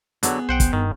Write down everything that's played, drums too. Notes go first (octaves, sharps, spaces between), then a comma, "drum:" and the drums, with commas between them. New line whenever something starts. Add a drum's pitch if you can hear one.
D3 F#3 B3 G#4, drum: hi-hat
B1 C5 F#5 G5
drum: kick, hi-hat
G2 D#3